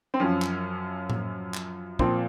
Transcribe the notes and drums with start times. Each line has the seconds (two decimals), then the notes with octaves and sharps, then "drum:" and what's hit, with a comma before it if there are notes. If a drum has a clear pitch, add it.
0.14 C4
0.20 F#2 F3 C#4
0.42 drum: clap
1.10 drum: tom A2
1.54 drum: clap
1.99 A#2 F3 C4, drum: kick